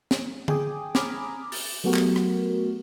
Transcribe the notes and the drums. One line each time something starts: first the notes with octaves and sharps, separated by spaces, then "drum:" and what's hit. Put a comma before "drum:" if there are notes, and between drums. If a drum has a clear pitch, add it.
drum: snare
G#4 G5 G#5 D6 D#6, drum: tom D3
G#5 A#5 B5 D6 D#6 F6, drum: snare
A6, drum: open hi-hat
F#3 A3 B3 F#4 G4 A#4
drum: clap
drum: rim click